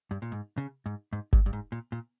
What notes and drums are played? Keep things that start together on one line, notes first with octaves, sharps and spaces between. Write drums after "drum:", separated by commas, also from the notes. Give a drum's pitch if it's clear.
G2
A#2
G#2
C#3
G#2
G#2
G2, drum: kick G#1
G2
G#2
A#2
A#2